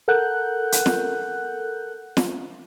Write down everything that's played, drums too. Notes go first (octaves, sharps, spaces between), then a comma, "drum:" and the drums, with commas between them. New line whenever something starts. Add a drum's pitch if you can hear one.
A4 A#4 F#5 F#6 G6
drum: hi-hat
drum: snare
drum: snare